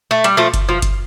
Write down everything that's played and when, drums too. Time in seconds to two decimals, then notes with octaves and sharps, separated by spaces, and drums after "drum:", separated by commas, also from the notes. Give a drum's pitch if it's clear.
0.11 A3
0.24 G3, drum: hi-hat
0.37 F3 A3
0.54 drum: kick F#1, hi-hat
0.69 F3
0.82 drum: kick F#1, hi-hat